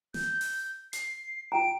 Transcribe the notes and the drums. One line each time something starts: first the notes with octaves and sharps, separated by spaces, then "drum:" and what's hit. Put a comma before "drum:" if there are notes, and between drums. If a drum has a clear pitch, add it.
G6, drum: snare
drum: open hi-hat
C7, drum: hi-hat
F4 G5 A#5 D7